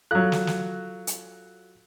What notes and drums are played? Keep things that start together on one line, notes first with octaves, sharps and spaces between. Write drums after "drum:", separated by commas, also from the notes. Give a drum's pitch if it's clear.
F#3 F4 A4 F5 F#6
drum: snare
drum: snare
drum: hi-hat